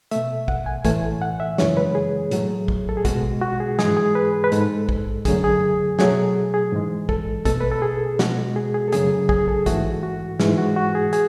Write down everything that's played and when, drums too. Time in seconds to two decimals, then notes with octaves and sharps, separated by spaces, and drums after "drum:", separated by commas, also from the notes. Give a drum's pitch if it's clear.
0.11 B2 A3 E5, drum: hi-hat
0.48 F#5, drum: kick
0.66 G#5
0.85 A2 E3 A3 G#5, drum: kick, hi-hat
1.22 F#5
1.40 E5
1.58 F#2 C#3 E3 G#3 C#5, drum: snare
1.77 B4
1.95 G#4
2.31 A2 F#3 A3, drum: hi-hat
2.68 drum: kick
2.89 A4
2.97 G#4
3.05 B2 G#3 F#4, drum: kick, hi-hat
3.42 F#4
3.60 G#4
3.79 G#2 E3 G#3 G#4, drum: snare
3.97 G#4
4.15 B4
4.44 B4
4.52 G#2 G#3 A4, drum: hi-hat
4.89 drum: kick
5.25 F#2 D3 F#3 A3 G#4, drum: kick, hi-hat
5.44 G#4
5.99 B2 F#3 A3 G#4, drum: snare
6.54 G#4
6.72 G#2 E3 G#3
7.09 A4, drum: kick
7.45 B2 A3 A4, drum: kick, hi-hat
7.61 B4
7.72 A4
7.82 G#4
8.19 B2 G#3 F#4, drum: snare
8.56 G#4
8.74 G#4
8.88 A4
8.92 F#2 C#3 F#3 A3 G#4, drum: hi-hat
9.29 G#4, drum: kick
9.48 A4
9.66 G#2 E3 A3 F#4, drum: kick, hi-hat
10.03 F#4
10.40 G#2 E3 G#3 G#4, drum: snare
10.58 F#4
10.76 F#4
10.95 G#4
11.13 G#4, drum: hi-hat